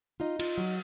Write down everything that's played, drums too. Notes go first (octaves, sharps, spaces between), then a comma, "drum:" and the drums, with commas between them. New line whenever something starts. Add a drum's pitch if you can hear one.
D#4 F4 D#5
F4, drum: cymbal
F#3